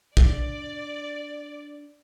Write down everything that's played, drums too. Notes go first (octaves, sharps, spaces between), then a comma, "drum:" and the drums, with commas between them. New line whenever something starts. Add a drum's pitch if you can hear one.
D4 D5, drum: kick